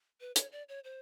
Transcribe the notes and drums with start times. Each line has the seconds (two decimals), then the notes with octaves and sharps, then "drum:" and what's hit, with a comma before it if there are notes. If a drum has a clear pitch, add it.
0.21 B4
0.36 C#5, drum: hi-hat
0.52 D5
0.69 C#5
0.84 C5